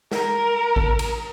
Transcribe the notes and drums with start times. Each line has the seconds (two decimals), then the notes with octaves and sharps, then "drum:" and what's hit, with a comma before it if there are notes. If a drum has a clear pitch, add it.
0.12 A#4, drum: snare
0.76 drum: kick A1
0.99 drum: cymbal